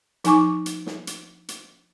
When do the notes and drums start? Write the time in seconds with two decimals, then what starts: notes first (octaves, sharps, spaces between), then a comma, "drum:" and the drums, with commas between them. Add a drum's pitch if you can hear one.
0.24 F3 D#4 G#5 C#6 D6, drum: hi-hat
0.66 drum: hi-hat
0.86 drum: snare
1.07 drum: hi-hat
1.48 drum: hi-hat